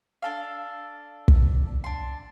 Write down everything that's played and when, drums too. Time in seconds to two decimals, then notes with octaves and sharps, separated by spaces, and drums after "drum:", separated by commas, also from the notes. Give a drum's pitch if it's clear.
0.22 D4 A4 F5
1.28 drum: kick
1.84 D4 C6